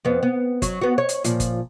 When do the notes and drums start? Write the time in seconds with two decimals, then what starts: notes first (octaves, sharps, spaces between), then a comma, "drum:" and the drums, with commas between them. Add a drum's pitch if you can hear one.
0.05 F2 B3
0.23 B3
0.62 F#3, drum: kick G1, hi-hat
0.81 B3 F#4
0.98 C#5
1.09 drum: hi-hat
1.24 A#2 F3, drum: hi-hat
1.40 drum: kick G1, hi-hat